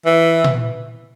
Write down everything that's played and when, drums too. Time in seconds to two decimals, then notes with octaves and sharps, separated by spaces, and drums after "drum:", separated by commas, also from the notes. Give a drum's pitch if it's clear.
0.06 E3
0.44 drum: tom A#2